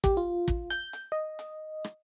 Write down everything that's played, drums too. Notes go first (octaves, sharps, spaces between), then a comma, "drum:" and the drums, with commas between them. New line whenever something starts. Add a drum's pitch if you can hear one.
G4, drum: kick, hi-hat
F4
drum: kick
G6, drum: hi-hat
drum: hi-hat
D#5
drum: hi-hat
drum: rim click